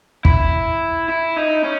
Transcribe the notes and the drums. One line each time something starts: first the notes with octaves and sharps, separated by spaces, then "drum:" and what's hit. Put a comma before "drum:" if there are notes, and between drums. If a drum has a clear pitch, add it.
E4, drum: kick
E4
D#4
C#4